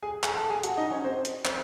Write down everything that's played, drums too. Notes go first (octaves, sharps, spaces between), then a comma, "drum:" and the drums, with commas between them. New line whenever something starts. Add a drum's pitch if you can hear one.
G#4 G#5
G#4 G#5, drum: clap
A4 A5
G#4 G#5
F#4 F#5, drum: hi-hat
D#4 D#5
C#4 C#5
C4 C5
drum: hi-hat
C4 C5, drum: clap